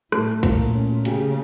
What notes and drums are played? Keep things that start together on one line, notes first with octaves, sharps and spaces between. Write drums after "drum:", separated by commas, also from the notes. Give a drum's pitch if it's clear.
A2 A3, drum: rim click
A#3, drum: kick, cymbal
A#2
C#4
C#3 G4, drum: cymbal